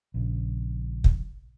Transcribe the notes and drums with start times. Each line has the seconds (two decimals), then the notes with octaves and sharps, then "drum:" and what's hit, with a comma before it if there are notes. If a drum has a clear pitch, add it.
0.14 A#1 C#3
1.04 drum: kick